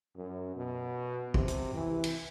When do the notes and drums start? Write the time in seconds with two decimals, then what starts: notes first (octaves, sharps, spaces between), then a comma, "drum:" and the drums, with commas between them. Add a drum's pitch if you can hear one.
0.16 F#2
0.56 B2
1.34 C3, drum: kick
1.48 drum: hi-hat
1.74 E3
2.04 drum: cymbal